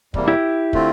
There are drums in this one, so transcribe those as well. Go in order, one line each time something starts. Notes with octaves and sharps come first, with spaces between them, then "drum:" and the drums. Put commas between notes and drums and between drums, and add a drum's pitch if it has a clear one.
E2 C3 G3 A#3, drum: kick
E4 G4
D3 A3 C4 F4, drum: kick